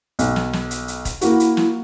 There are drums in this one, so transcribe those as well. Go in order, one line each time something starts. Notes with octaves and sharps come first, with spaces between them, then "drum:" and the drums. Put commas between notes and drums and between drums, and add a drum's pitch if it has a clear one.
B1, drum: hi-hat
drum: snare
drum: snare
drum: hi-hat
drum: hi-hat
drum: kick E1, hi-hat
A#3 E4 F#4, drum: hi-hat
drum: hi-hat
drum: snare